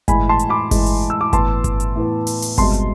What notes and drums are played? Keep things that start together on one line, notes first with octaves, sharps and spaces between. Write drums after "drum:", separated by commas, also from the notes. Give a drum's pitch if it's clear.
A2 E3 G#3 G#5 B5, drum: kick G1, hi-hat
A5 C6
drum: hi-hat
B5 D6
A2 E3 G#3, drum: kick G1, open hi-hat
drum: hi-hat
E6
D6
A2 E3 B3 A5 C6, drum: kick G1, hi-hat
drum: kick G1, hi-hat
drum: hi-hat
A2 E3 B3
drum: open hi-hat
drum: open hi-hat
C2 B2 G#3 A5 C6, drum: kick G1, hi-hat
drum: hi-hat